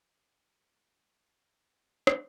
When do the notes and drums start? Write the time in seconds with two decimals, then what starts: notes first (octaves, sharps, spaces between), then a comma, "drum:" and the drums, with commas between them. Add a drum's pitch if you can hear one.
0.14 D#5 C#7
2.07 drum: rim click